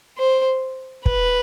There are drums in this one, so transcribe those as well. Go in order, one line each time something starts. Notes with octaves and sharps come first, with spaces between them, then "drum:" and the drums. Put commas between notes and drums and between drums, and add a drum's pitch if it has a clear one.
C5
B4, drum: kick